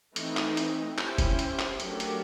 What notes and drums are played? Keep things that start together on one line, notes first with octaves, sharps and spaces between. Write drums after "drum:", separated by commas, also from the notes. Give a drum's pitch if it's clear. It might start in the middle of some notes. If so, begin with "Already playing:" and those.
E3 A3 C4 D#4, drum: hi-hat
drum: clap
drum: hi-hat
C#4 E4 G4 C5, drum: clap
drum: kick, hi-hat
drum: hi-hat
drum: clap
F#3 A3 D4 G4 A#4, drum: hi-hat
drum: hi-hat